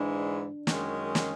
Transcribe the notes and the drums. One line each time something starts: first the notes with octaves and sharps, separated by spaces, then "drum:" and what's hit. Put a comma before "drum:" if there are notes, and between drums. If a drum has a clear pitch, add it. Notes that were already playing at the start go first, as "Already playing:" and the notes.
Already playing: G#2 E3 G#3 D4
F#2 D#3 G#3 C#4, drum: snare
drum: snare